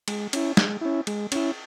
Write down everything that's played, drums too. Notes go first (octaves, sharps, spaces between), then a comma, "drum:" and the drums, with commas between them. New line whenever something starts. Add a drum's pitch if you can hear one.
G#3, drum: cymbal
C#4 E4, drum: cymbal
G#3, drum: snare
C#4 E4
G#3, drum: cymbal
C#4 E4, drum: cymbal